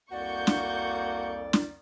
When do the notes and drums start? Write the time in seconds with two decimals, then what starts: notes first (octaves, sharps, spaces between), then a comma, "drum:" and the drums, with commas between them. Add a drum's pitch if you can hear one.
0.12 C2 F2 A#3 F#4 D5 C#6 G6
0.47 drum: snare
1.53 drum: snare